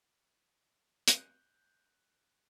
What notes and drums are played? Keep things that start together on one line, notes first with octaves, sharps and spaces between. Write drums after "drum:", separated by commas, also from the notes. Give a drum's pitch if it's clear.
F#6 G6, drum: hi-hat